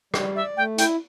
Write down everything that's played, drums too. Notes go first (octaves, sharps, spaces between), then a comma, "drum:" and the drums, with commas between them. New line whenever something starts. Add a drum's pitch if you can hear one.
G3, drum: rim click
D5 E5
A3 G5
E4 G5, drum: hi-hat